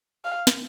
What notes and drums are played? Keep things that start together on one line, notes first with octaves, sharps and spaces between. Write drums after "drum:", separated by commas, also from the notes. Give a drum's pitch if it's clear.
F5
drum: snare